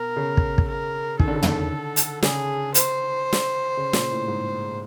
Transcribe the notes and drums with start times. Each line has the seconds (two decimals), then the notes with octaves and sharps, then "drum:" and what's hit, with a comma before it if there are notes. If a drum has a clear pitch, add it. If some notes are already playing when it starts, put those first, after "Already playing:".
Already playing: B2 A#4
0.16 C#3
0.37 drum: kick
0.58 drum: kick
0.68 A#4
1.20 D#3 A4, drum: kick
1.28 D3
1.34 C#3
1.42 D3, drum: tom
1.96 drum: hi-hat
2.23 C#3 G#4, drum: snare
2.74 C5, drum: hi-hat
3.33 drum: snare
3.77 C#3
3.93 A#2, drum: snare
4.11 A2
4.28 G#2